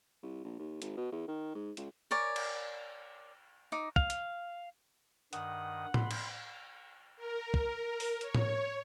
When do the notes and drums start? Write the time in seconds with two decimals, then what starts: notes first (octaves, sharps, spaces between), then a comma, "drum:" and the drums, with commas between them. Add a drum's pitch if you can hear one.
0.23 C2
0.44 A#1
0.59 D#2
0.82 G#1, drum: hi-hat
0.97 B2
1.12 E2
1.28 D#3
1.55 G#2
1.77 C#2, drum: hi-hat
2.11 A#4 C#5 D5 G#5
2.36 drum: cymbal
3.72 D#4 D6
3.96 F5, drum: kick
4.10 drum: hi-hat
5.33 G2 D#3 F#5 D#6, drum: hi-hat
5.94 B5 C6, drum: tom A2
6.11 drum: cymbal
7.16 A#4
7.54 drum: kick
8.00 drum: open hi-hat
8.21 C#5, drum: hi-hat
8.35 drum: tom A2